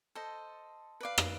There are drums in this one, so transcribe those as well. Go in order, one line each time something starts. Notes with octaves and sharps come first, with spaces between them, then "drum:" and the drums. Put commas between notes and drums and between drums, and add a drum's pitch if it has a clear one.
A4 C5 D#5
B4 D5 F5
drum: rim click